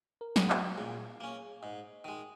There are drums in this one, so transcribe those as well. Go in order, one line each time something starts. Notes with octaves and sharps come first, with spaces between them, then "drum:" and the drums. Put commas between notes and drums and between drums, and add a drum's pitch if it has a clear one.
A#4
G#2 D#3 G#3, drum: snare
F#4, drum: clap
A#2 G#4
A#3 C#4
G#2 D#5
D#3 G#3